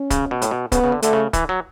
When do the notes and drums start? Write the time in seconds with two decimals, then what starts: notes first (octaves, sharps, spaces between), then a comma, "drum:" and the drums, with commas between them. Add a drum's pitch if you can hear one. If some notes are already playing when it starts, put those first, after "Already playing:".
Already playing: C#4
0.11 C#3, drum: kick C#1, hi-hat
0.31 B2
0.42 A2, drum: hi-hat
0.51 B2
0.72 C#3 B3, drum: kick C#1, hi-hat
0.84 C#3
0.92 D3
1.02 D3 A3, drum: hi-hat
1.13 C#3
1.33 E3, drum: kick C#1, hi-hat
1.49 F#3